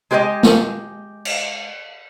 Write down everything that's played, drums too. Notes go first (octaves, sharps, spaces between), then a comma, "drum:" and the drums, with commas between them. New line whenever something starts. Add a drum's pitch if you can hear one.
G#3 G4 B4 C#5 D#5 G#5
drum: snare
drum: cymbal